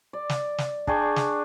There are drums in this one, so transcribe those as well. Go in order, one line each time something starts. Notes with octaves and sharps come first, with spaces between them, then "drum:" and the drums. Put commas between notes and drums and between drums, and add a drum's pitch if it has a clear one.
D5
drum: snare
drum: snare
D4 G#4 G5 C#6, drum: kick
drum: snare